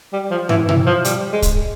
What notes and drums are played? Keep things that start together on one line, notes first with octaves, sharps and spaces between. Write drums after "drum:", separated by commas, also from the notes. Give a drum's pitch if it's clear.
G3
F3
E3, drum: tom
E3, drum: tom B2
F3
G3, drum: hi-hat
G#3
drum: kick, hi-hat